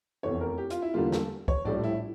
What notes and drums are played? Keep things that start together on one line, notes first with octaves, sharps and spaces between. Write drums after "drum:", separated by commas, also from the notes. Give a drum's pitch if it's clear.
F1 E2 E3 A3 C#5
A#4
G4
F4, drum: hi-hat
E4
E2 D3 G3 A#3 F4
A4, drum: snare
C#5, drum: kick C2
A#1 A2 G3 D5
E4